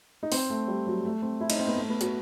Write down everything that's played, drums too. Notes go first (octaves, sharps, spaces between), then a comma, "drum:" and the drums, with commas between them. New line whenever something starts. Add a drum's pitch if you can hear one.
D#4
C4, drum: open hi-hat
A3
G3
F#3
A3
C4
E4
D#4, drum: cymbal
C4
B3
A3
B3
F#4, drum: hi-hat